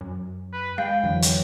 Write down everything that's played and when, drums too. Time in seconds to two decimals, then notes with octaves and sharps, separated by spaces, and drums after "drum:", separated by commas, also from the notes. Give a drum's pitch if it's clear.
0.01 F#2
0.53 B4
0.78 G#3 F5 G5
1.04 F2 D3 E3 F#3
1.22 drum: hi-hat